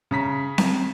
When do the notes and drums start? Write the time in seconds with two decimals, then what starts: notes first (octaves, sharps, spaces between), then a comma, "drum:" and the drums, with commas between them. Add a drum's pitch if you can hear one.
0.11 C#3 A#5 B6
0.58 drum: snare C4